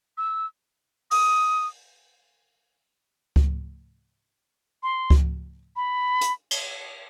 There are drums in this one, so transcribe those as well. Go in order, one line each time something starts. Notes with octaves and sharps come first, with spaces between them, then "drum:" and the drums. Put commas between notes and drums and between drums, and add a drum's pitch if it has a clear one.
E6
D#6, drum: open hi-hat
drum: kick C#2
C6
drum: kick C#2
B5
drum: hi-hat
drum: cymbal